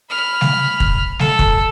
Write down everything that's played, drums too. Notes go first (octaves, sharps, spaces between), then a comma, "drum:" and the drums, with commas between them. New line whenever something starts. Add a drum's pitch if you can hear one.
B5 F6
drum: snare G3
drum: kick
A4, drum: snare G3
drum: kick